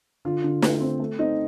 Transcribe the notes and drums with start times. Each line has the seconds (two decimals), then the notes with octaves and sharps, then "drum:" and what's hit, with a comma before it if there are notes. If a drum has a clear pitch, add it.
0.25 D3 F4
0.44 D3
0.62 A3, drum: snare
0.81 C4
1.00 A3
1.19 C4 D#4